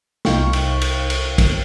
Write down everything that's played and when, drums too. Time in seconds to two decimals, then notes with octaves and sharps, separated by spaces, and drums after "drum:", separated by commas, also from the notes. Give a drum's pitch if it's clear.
0.25 C2 D#4 F5 G5 C#6, drum: snare
0.53 drum: cymbal
0.82 drum: cymbal
1.10 drum: cymbal
1.38 drum: kick, cymbal